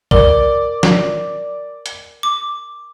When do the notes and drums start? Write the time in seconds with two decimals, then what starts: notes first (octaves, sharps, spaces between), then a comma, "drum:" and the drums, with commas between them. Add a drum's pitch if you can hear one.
0.11 A#4 D5, drum: kick
0.83 drum: snare
1.86 drum: hi-hat
2.23 D6